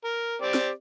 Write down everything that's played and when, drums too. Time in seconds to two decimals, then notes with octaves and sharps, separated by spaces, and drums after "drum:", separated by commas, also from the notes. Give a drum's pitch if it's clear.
0.04 A#4
0.42 C4 G4 D5
0.54 drum: snare